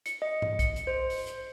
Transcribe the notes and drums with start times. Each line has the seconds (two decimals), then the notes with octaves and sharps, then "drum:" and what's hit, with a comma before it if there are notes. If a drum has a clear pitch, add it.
0.06 C#7, drum: hi-hat
0.22 D#5
0.42 drum: tom G#2
0.59 C#7, drum: kick B1, hi-hat
0.76 drum: hi-hat
0.87 C5
1.10 drum: open hi-hat
1.27 drum: hi-hat